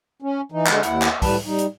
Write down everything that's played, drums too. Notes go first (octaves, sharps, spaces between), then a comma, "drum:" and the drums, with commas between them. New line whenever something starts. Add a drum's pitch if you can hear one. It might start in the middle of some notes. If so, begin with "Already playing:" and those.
C#4
E3 D#4
D3 G#3, drum: clap
D#2 E4 F#5, drum: hi-hat
drum: clap
A2 G3 B4 A5, drum: kick, open hi-hat
G3 D#4
drum: hi-hat